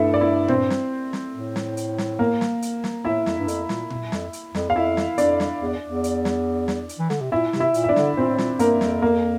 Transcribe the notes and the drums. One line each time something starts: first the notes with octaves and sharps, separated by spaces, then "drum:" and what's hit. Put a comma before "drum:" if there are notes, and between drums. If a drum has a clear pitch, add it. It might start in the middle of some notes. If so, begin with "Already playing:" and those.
Already playing: G2 A3 E4 A4 E5
D5
E4 E5
C4 C5, drum: tom A#2
drum: snare
drum: snare
A2
drum: snare
drum: hi-hat
drum: snare
A#3 A#4
drum: snare
drum: hi-hat
drum: snare
A2 E4 E5
F2, drum: snare
G2
F2, drum: hi-hat
A#2, drum: snare
drum: tom A#2
F2, drum: snare
drum: hi-hat
F2, drum: snare
E2 F5
F2 E4 E5
drum: snare
F2 D4 D5, drum: hi-hat
drum: snare
E2
E2
drum: hi-hat
drum: snare
drum: snare
drum: hi-hat
E3
D3, drum: snare
C3
A#2 E4 E5
C3, drum: snare
E4 E5
A#2, drum: hi-hat
E5
D4 D5
D3, drum: snare
A#2 C4 C5
A2
A#2, drum: snare
G2 A#3 A#4, drum: hi-hat
G2
F2, drum: snare
A#3 A#4